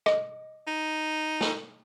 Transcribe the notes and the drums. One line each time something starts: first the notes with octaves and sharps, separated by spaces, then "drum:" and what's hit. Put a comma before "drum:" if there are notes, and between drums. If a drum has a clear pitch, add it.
D#5, drum: rim click
D#4
drum: snare